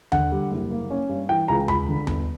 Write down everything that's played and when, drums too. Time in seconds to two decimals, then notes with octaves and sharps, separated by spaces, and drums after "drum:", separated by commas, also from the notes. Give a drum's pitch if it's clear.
0.12 D3 F#5, drum: tom D#2
0.32 G3
0.51 F#1
0.71 A#3
0.90 C#4
1.09 G2
1.29 E3 G5
1.48 C#2 A#5
1.68 C#2 B5, drum: tom D#2
1.89 D3
2.07 G1, drum: tom D#2